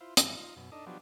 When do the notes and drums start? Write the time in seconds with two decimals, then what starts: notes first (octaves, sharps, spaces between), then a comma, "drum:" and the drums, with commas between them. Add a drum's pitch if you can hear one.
0.01 E4 F4 C5
0.17 G2 D#3 E3 G#3 E5, drum: hi-hat
0.36 D#4 F4
0.57 F#2 B2
0.72 D4 D#4 A4 D#5
0.86 F3 F#3 B3 D4 G4